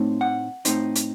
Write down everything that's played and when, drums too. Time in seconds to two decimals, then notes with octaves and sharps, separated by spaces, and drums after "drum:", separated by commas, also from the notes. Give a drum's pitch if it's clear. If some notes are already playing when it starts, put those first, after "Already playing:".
Already playing: A2 A3 C4 D#4
0.21 F#5
0.65 A2 A3 C4 D#4, drum: hi-hat
0.95 drum: hi-hat